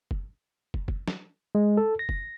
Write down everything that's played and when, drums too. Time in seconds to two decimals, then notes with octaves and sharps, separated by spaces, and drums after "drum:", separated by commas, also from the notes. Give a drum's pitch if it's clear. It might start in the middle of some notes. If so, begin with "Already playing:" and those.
0.11 drum: kick
0.74 drum: kick
0.88 drum: kick
1.08 drum: snare
1.55 G#3
1.77 A4
1.99 A#6
2.09 drum: kick